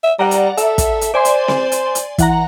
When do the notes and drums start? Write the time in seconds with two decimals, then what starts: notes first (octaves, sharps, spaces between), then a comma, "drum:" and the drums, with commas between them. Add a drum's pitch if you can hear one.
0.04 E5
0.19 G3 D5 F#5 A#5
0.31 drum: hi-hat
0.57 A4 E5, drum: hi-hat
0.78 drum: kick, hi-hat
1.01 drum: hi-hat
1.14 C5 D5 G#5 C6
1.25 drum: hi-hat
1.48 drum: snare C4
1.72 drum: hi-hat
1.95 drum: hi-hat
2.18 E3 F#5 A#5, drum: kick, hi-hat